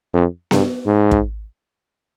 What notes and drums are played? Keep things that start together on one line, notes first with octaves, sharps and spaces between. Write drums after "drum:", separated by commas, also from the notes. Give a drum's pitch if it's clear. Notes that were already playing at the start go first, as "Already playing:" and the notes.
F2
G2, drum: snare B3
G#2
drum: kick